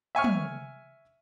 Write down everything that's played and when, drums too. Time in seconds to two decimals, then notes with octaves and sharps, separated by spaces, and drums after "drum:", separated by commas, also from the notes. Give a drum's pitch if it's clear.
0.15 E5 G#5 C#6 F6
0.24 drum: tom